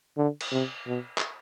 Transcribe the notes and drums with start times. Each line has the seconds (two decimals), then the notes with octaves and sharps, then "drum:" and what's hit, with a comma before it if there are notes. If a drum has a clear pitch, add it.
0.17 D3
0.41 drum: cymbal
0.52 C3
0.87 B2
1.18 drum: clap